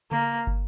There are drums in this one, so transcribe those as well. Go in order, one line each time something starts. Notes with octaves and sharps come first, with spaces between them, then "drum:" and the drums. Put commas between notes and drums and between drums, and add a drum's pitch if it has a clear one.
A#3, drum: tom C#3
drum: kick